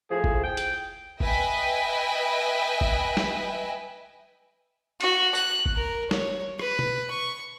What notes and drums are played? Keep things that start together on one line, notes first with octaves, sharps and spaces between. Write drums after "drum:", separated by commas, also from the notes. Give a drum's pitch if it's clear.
A2 F3 G#4
drum: kick G1
G5
drum: hi-hat
B4 D#5 E5 G5 G#5, drum: kick G1
drum: kick G1
drum: snare
F#4, drum: cymbal
F#6, drum: tambourine
drum: kick G1
A#4
C#5, drum: snare
B4, drum: rim click
drum: tom
C#6